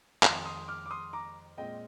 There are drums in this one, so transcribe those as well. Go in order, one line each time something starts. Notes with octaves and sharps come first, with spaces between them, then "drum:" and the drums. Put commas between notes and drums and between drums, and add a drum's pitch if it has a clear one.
F2 D#3 G#3 C6 D#6, drum: clap
C6 D#6
D6 F6
D6
C6 D#6
A#5 D6
A#2 G#3 C4 D#5 G5